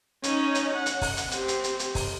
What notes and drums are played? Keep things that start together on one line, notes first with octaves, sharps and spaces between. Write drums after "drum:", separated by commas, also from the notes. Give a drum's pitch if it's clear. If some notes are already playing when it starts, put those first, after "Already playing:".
C#4 D#4, drum: hi-hat
drum: hi-hat
F#5
drum: hi-hat
drum: kick, open hi-hat
drum: hi-hat
C4 G4, drum: hi-hat
drum: hi-hat
drum: hi-hat
drum: hi-hat
drum: kick, open hi-hat